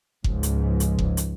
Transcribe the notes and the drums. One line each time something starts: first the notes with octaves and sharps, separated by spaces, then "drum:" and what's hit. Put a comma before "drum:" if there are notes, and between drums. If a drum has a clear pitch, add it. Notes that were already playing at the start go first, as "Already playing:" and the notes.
C#2 G#2 F3, drum: kick F#1
drum: hi-hat
drum: hi-hat
drum: kick F#1
drum: hi-hat